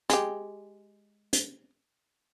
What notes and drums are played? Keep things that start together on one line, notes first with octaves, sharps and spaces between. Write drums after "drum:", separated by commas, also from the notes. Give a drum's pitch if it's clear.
G#3 G4, drum: hi-hat
drum: hi-hat